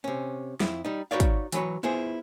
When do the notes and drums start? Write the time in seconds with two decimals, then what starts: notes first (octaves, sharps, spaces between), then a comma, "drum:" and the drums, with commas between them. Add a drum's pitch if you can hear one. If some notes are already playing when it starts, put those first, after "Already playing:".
0.04 C3 C#4
0.60 F2 E4, drum: snare
0.85 G3 D#4
1.11 D#4 F#4 B4 C#5 D5 F5
1.20 drum: kick, hi-hat
1.52 E3 F#3 B4 C#5, drum: hi-hat
1.83 B3 E4 F4 G#4 C5